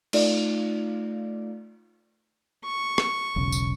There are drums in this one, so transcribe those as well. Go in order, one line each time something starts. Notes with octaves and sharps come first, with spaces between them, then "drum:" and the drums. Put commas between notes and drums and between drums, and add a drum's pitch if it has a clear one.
A3 D#4 F4 D5 F5, drum: cymbal
C#6
drum: rim click
E1 B1 C#3
drum: tambourine